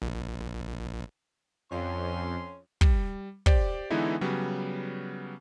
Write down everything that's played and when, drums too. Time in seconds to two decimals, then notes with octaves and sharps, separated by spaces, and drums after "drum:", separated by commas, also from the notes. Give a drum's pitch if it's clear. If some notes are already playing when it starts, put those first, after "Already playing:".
0.02 A#1
1.71 F2 C#4 C6
2.81 G3, drum: kick
3.46 G4 C5 D5, drum: kick
3.90 D3 E3 G#3 B3 D#4 E4
4.21 C#3 F#3 G3 B3